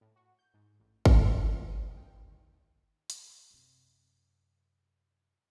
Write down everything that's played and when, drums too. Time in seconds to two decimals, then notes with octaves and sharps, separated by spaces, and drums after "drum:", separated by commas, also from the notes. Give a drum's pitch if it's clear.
0.01 A2
0.16 F#4
0.39 G6
0.54 G#2
0.80 A1
1.05 F#5, drum: kick
1.33 F3
1.49 F#5
1.70 D#6
1.97 G5
2.14 D#2
2.31 D#3
3.10 drum: hi-hat
3.51 F#2 C3